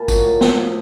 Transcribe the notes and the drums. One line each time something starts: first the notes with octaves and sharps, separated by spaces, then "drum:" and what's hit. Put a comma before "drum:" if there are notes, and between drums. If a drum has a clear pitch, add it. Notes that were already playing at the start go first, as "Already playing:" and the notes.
Already playing: A#2 A5 B5
F#3, drum: kick A1, tambourine
A2
F3, drum: snare
F3